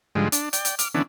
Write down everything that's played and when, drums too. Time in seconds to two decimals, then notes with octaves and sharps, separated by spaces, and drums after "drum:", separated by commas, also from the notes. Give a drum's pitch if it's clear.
0.15 G#2 D3 F3 G3 G#3
0.32 D4, drum: hi-hat
0.53 D5 G5, drum: hi-hat
0.65 drum: hi-hat
0.79 D6 F6, drum: hi-hat
0.94 D3 E3 B3 C#4 D4